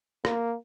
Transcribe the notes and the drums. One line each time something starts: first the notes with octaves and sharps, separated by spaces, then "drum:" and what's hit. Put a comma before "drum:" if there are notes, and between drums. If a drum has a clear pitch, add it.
A#3, drum: rim click